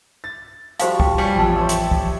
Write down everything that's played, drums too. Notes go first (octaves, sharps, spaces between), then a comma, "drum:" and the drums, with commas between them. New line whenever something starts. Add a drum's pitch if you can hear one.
A6
F3 G3 F#4 C5 F5 C#6, drum: hi-hat
G5, drum: kick
G3 G4 C#5 G#5 C#7
A1 F2 F3 A5
C5 C#5 E5
drum: hi-hat
drum: kick